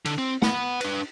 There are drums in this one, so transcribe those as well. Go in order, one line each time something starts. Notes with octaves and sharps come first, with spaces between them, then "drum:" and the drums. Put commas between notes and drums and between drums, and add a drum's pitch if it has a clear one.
D3, drum: cymbal
C4
F#5 B5, drum: snare
D4 B4, drum: cymbal